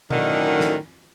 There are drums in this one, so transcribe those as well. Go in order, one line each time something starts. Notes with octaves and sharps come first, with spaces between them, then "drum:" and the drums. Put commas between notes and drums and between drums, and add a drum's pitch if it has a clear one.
F#2 A2 D3 D#3, drum: tom B2
drum: snare